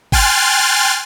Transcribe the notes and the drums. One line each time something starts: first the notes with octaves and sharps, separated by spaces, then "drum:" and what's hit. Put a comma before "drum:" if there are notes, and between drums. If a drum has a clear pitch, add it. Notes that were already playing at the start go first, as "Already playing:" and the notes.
G5 G#5 C6 F6 F#6 A6, drum: kick G1